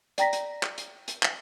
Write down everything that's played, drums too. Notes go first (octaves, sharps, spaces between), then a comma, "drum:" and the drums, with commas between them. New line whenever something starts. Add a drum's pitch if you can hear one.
D5 G5 A#5 A#6 B6, drum: hi-hat
drum: hi-hat
drum: clap
drum: hi-hat
drum: hi-hat
drum: clap